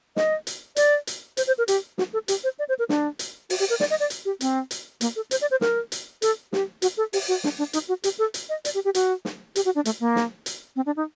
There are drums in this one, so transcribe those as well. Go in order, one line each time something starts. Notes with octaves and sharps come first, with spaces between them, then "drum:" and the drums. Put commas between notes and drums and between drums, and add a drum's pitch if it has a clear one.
D#5, drum: snare
drum: hi-hat
D5, drum: hi-hat
drum: hi-hat
C5, drum: hi-hat
C5
A#4
G4, drum: hi-hat
F#4, drum: snare
A4
G4, drum: hi-hat
C5
D5
C5
A#4
D4, drum: snare
drum: hi-hat
F#4, drum: open hi-hat
G4
A#4
D5, drum: snare
D#5
D5
drum: hi-hat
G4
C4, drum: hi-hat
drum: hi-hat
A#3, drum: hi-hat
A4
C5, drum: hi-hat
D5
C5
A#4, drum: snare
drum: hi-hat
A4, drum: hi-hat
G4, drum: snare
F#4, drum: hi-hat
A4
G4, drum: open hi-hat
F#4
D4, drum: snare
D4
D#4, drum: hi-hat
F#4
G4, drum: hi-hat
A4
drum: hi-hat
D#5
D5, drum: hi-hat
G4
G4
F#4, drum: hi-hat
drum: snare
G4, drum: hi-hat
F#4
D4
A3, drum: hi-hat
A#3
drum: snare
drum: hi-hat
C4
D4
D#4